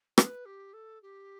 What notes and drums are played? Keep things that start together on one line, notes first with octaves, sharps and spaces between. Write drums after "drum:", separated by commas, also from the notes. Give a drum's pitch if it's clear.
B4, drum: rim click
G4
A4
G4